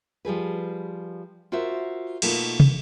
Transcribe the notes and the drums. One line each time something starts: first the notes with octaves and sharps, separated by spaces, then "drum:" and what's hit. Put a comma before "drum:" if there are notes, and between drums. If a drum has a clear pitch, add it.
F3 G3 G#4 B4
F4 F#4 A#4 C5 E5
B2 A3 A#3 D#4 F4, drum: cymbal
drum: tom